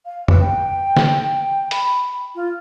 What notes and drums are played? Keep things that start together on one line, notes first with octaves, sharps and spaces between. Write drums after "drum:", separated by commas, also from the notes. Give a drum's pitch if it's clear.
F5
B4, drum: tom F2
G5
drum: snare
B5, drum: hi-hat
F4